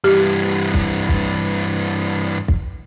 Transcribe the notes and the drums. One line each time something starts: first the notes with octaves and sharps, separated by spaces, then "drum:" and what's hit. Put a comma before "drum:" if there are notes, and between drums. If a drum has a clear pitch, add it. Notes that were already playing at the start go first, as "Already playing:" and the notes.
G2 E3 G4
drum: kick
drum: kick
drum: kick